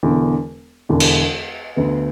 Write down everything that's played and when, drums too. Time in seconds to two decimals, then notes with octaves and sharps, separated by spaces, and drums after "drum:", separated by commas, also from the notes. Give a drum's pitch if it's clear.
0.03 E1 E2 D3
0.89 E1 E2 D3
1.00 drum: cymbal
1.76 D2 D3 B3